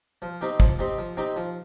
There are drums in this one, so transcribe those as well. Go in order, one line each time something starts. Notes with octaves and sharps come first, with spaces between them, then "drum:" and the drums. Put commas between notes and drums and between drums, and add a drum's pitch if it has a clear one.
F3
C4 D#4 G4
F3, drum: kick
C4 D#4 G4
F3
C4 D#4 G4
F3